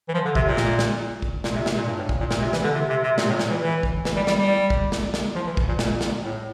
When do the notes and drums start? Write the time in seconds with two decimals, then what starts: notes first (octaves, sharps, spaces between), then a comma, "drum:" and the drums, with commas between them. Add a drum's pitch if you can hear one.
0.09 E3
0.14 F3
0.25 D3
0.35 C3, drum: kick
0.46 A#2
0.57 drum: snare
0.79 drum: snare
1.22 drum: kick
1.44 A#2, drum: snare
1.55 C3
1.66 A#2, drum: snare
1.77 A#2
1.88 G2
1.98 A2
2.09 A#2, drum: kick
2.20 A#2
2.31 A#2, drum: snare
2.42 C3
2.53 E3, drum: snare
2.64 D3
2.75 C3
2.90 C3
3.04 C3
3.18 A#2, drum: snare
3.30 A2
3.39 A#2, drum: snare
3.50 E3
3.62 E3
3.83 drum: kick
4.05 E3, drum: snare
4.16 G3
4.27 G3, drum: snare
4.38 G3
4.70 drum: kick
4.92 drum: snare
5.14 drum: snare
5.35 F3
5.46 E3
5.57 drum: kick
5.68 A#2
5.79 A#2, drum: snare
6.01 drum: snare
6.23 A2